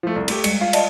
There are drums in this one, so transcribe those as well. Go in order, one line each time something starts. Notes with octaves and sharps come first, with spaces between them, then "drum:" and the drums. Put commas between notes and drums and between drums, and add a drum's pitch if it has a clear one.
F3 A3
C2
A3 G4, drum: cymbal
G3 G#3 C#7, drum: cymbal
F4 F5
D5 D#5 A5, drum: cymbal